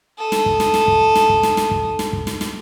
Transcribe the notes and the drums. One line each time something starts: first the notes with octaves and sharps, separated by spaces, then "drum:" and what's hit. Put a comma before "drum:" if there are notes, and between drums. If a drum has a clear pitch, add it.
A4 D#6
drum: snare
drum: kick
drum: snare
drum: snare
drum: kick
drum: snare
drum: kick
drum: snare
drum: snare
drum: kick
drum: snare
drum: kick
drum: snare
drum: snare